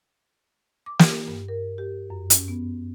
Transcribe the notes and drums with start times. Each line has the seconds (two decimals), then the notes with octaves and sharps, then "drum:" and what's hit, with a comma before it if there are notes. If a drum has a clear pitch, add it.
0.86 D6
0.99 G4, drum: snare
1.28 G2
1.48 A#4
1.78 G4
2.10 F#2
2.30 C#4, drum: hi-hat
2.48 B3